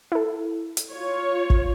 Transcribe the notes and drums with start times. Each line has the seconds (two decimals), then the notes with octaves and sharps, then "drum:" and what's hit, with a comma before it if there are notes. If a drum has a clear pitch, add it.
0.12 E4 A4
0.77 drum: hi-hat
0.93 F4 C#5
1.50 drum: kick